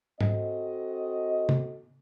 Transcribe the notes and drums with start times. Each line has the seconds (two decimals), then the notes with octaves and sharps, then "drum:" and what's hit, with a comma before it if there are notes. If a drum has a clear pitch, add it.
0.20 C4 F#4 A4 D#5, drum: tom
1.49 drum: tom